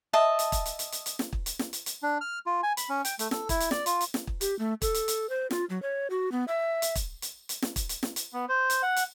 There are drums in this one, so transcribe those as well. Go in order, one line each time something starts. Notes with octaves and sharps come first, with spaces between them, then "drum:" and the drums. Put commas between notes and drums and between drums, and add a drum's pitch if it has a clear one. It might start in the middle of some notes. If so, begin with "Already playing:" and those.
D#5 E5 A5
drum: hi-hat
drum: kick, hi-hat
drum: hi-hat
drum: hi-hat
drum: hi-hat
drum: hi-hat
drum: snare
drum: kick
drum: hi-hat
drum: snare
drum: hi-hat
drum: hi-hat
D4
F6
F4
G#5
B5, drum: hi-hat
C#4
G5, drum: hi-hat
A3, drum: hi-hat
A4, drum: snare
E4, drum: kick, hi-hat
drum: hi-hat
D5, drum: snare
F4, drum: hi-hat
drum: hi-hat
drum: snare
drum: kick
G4, drum: hi-hat
A3
A4, drum: kick, hi-hat
drum: hi-hat
drum: hi-hat
C5
F4, drum: snare
F#3
C#5
F#4
B3
E5
drum: hi-hat
drum: kick, hi-hat
drum: hi-hat
drum: hi-hat
drum: snare
drum: kick, hi-hat
drum: hi-hat
drum: snare
drum: hi-hat
B3
C5
drum: hi-hat
F#5
drum: hi-hat